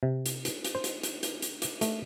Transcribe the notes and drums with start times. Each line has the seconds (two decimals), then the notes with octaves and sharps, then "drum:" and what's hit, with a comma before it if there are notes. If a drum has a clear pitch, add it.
0.03 C3
0.26 drum: hi-hat
0.45 drum: hi-hat
0.65 drum: hi-hat
0.75 C5
0.84 drum: hi-hat
1.03 drum: hi-hat
1.23 drum: hi-hat
1.42 drum: hi-hat
1.62 drum: hi-hat
1.81 A3, drum: hi-hat